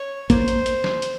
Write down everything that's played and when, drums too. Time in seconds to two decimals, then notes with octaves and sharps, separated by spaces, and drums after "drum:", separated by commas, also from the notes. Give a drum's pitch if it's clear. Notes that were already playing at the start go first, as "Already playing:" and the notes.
Already playing: C#5
0.30 A#3 C5, drum: kick, hi-hat
0.48 drum: hi-hat
0.66 drum: hi-hat
0.84 drum: snare
1.02 drum: hi-hat